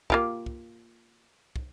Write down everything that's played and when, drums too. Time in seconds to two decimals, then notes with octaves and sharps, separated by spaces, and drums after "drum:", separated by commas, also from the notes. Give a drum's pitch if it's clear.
0.10 A#3 F4 G4, drum: kick
0.46 drum: kick
1.56 drum: kick